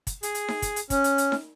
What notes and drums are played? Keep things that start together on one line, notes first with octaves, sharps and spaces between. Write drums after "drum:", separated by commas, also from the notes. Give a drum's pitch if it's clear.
drum: kick, hi-hat
G#4, drum: hi-hat
drum: hi-hat
drum: snare D#4
drum: kick, hi-hat
drum: hi-hat
C#4, drum: kick, hi-hat
drum: hi-hat
drum: hi-hat
drum: snare D#4